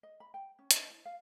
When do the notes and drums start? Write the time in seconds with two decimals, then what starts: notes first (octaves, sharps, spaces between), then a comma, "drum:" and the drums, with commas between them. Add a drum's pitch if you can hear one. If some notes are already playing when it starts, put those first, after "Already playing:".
0.03 D#5
0.20 B5
0.34 G5
0.59 C#4
0.71 D#5, drum: hi-hat
0.90 E4
1.05 F5